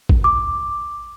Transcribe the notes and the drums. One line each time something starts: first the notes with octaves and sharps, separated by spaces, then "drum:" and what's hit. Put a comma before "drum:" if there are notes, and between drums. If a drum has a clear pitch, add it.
drum: kick G#1
D6